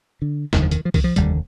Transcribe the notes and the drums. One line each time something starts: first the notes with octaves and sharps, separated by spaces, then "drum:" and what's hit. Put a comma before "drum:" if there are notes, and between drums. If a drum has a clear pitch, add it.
D3
F1 D#2 D3 D#3, drum: snare
F3
D#3, drum: hi-hat
F3
D#3, drum: kick C2, open hi-hat
F3
F1 D#2 D3 G3, drum: hi-hat